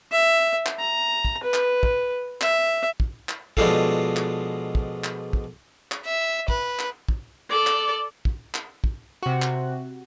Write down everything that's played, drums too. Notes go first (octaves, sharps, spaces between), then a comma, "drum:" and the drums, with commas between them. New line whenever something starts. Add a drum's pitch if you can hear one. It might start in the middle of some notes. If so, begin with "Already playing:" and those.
E5
drum: clap
A#5
drum: kick
B4
drum: clap
drum: kick
E5, drum: clap
drum: kick
drum: clap
B2 F3 G#3 D4 F4 A4, drum: kick
drum: clap
drum: kick
drum: clap
drum: kick
drum: clap
E5
B4, drum: kick
drum: clap
drum: kick
A4 D5
drum: clap
drum: kick
drum: clap
drum: kick
C3 F#4
drum: clap